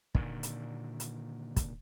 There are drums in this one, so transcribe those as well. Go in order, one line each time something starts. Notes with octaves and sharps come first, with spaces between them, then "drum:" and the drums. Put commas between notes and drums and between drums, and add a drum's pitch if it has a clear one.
A#2 D3 D#3, drum: kick
drum: hi-hat
drum: hi-hat
drum: kick, hi-hat